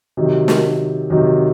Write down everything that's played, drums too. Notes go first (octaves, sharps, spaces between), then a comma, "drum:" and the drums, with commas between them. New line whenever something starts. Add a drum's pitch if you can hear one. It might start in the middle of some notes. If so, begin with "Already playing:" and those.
C3 D#3 F#3
drum: snare
C3 D#3 F#3